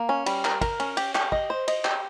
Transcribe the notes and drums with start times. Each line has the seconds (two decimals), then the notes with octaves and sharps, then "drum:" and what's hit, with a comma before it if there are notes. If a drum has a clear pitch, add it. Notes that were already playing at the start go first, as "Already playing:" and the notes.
Already playing: A#3
0.09 C#4
0.26 G3, drum: cymbal
0.45 A#4, drum: clap
0.61 A#4, drum: kick, cymbal
0.80 C#4, drum: cymbal
0.97 G4, drum: cymbal
1.15 G4, drum: clap
1.32 D#5, drum: kick
1.50 C5
1.68 D#5, drum: cymbal
1.85 G4, drum: clap